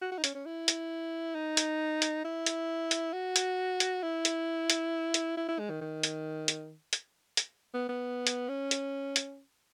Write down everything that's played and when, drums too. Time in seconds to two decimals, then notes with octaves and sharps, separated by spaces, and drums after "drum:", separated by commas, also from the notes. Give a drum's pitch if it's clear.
0.02 F#4
0.12 F#4
0.18 D#4
0.24 C#4, drum: hi-hat
0.34 C#4
0.46 E4
0.68 drum: hi-hat
1.35 D#4
1.57 drum: hi-hat
2.02 drum: hi-hat
2.25 E4
2.46 drum: hi-hat
2.91 drum: hi-hat
3.13 F#4
3.36 drum: hi-hat
3.80 drum: hi-hat
4.03 E4
4.25 drum: hi-hat
4.70 drum: hi-hat
5.14 drum: hi-hat
5.37 E4
5.48 E4
5.59 G#3
5.70 D#3
5.81 D#3
6.03 drum: hi-hat
6.48 drum: hi-hat
6.93 drum: hi-hat
7.37 drum: hi-hat
7.74 B3
7.89 B3
8.27 drum: hi-hat
8.49 C#4
8.71 drum: hi-hat
9.16 drum: hi-hat